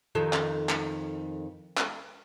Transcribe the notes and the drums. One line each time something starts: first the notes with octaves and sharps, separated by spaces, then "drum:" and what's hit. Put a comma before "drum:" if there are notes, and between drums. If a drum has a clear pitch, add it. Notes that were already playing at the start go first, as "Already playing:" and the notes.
F2 D#3 A4
drum: clap
drum: clap
drum: clap